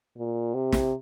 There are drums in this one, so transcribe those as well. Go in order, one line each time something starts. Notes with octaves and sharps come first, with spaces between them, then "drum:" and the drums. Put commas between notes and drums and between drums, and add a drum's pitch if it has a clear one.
A#2
C3
drum: snare